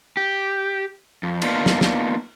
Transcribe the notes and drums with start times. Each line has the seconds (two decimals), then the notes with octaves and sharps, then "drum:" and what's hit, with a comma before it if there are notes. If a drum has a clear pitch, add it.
0.17 G4
1.23 F2
1.42 A#3 B3 D4 D#4 F4, drum: cymbal
1.66 drum: snare
1.81 drum: snare